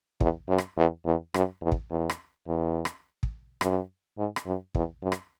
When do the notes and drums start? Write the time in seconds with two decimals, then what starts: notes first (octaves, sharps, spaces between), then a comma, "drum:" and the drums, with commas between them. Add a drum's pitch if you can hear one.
0.20 E2, drum: kick
0.48 F#2
0.58 drum: rim click
0.77 E2
1.05 E2
1.34 F#2, drum: rim click
1.62 E2
1.72 drum: kick
1.90 E2
2.09 drum: rim click
2.47 E2
2.85 drum: rim click
3.23 drum: kick
3.61 F#2, drum: rim click
4.18 G#2
4.36 drum: rim click
4.46 F#2
4.75 E2, drum: kick
5.02 F#2
5.12 drum: rim click